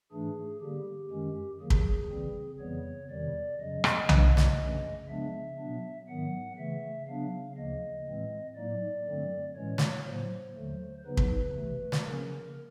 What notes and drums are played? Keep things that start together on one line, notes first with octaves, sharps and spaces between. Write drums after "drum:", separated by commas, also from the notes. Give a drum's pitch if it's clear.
G#2 E3 A3 D4 G#4
D3 G3 A#3 G4
F#2 D#3 G#3 C#4
C3 D#3 F#3 A#3 G#4
drum: kick
C#3 E3 G3 C4
F2 C#3 E3 G3 B3 C#5
E2 C3 D#3 G3 D5
F#2 C#3 F#3 D#5
drum: rim click
G#2 F3 A#3 D4, drum: tom B1
drum: snare
F#2 C#3 E3 A3 C#4
C#3 F3 G#3 B3 D4 E5
B2 F#3 B3 D4
G#2 D#3 F#3 B3 F#5
C#3 E3 A3 E5
C#3 F#3 B3 D4 F5
D2 C#3 F3 A#3 D#5
A2 E3 G#3 C4
A2 F#3 A#3 D#4 D5
G2 D3 F#3 A3 C4
A2 E3 G#3 C#4 C#5
drum: snare
A2 F#3 A#3 C5
D#2 D3 F#3 A3
C#3 F#3 B3 D#4 B4
drum: kick
C3 E3 A3
drum: snare
C#3 F3 A#3 C#4 A#4